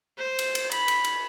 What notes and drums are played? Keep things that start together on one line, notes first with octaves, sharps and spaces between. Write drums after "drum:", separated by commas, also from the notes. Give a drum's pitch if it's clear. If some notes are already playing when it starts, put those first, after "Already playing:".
C5
drum: cymbal
drum: cymbal
B5, drum: cymbal
drum: cymbal
drum: cymbal